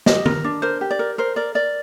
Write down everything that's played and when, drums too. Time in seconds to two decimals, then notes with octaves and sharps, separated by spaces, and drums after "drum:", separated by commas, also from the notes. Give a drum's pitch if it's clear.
0.06 G4 D#5, drum: snare
0.26 A#4, drum: tom
0.44 D4
0.62 A#4 C5
0.81 G4
0.91 D5
0.99 A#4
1.18 A#4 C5
1.36 A#4 D5
1.55 A#4 D5